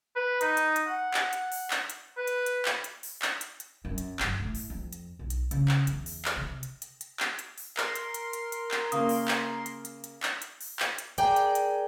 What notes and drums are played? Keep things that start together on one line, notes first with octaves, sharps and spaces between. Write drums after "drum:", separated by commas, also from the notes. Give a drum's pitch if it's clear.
B4
D#4, drum: hi-hat
drum: hi-hat
drum: hi-hat
F#5
drum: clap
drum: hi-hat
drum: open hi-hat
drum: clap
drum: hi-hat
B4
drum: hi-hat
drum: hi-hat
drum: clap
drum: hi-hat
drum: open hi-hat
drum: clap
drum: hi-hat
drum: hi-hat
F#2
drum: hi-hat
G1, drum: clap
A2
drum: open hi-hat
F2
drum: hi-hat
B1
drum: hi-hat
C#3, drum: hi-hat
drum: clap
E2, drum: hi-hat
drum: open hi-hat
drum: clap
C3
drum: hi-hat
drum: hi-hat
drum: hi-hat
drum: clap
drum: hi-hat
drum: open hi-hat
A#4 C6, drum: clap
drum: hi-hat
drum: hi-hat
drum: hi-hat
drum: hi-hat
drum: clap
C#3 A#3 D#6, drum: hi-hat
drum: open hi-hat
drum: clap
drum: hi-hat
drum: hi-hat
drum: hi-hat
drum: clap
drum: hi-hat
drum: open hi-hat
drum: clap
drum: hi-hat
G#4 A#4 D5 G5, drum: hi-hat
drum: hi-hat
drum: hi-hat